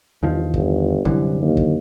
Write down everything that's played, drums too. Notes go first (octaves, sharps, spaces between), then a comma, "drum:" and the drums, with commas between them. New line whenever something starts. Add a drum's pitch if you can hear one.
G1 E2 D#3 F3
G1, drum: kick
C2 F#2 D3 E3, drum: kick
D#2
drum: kick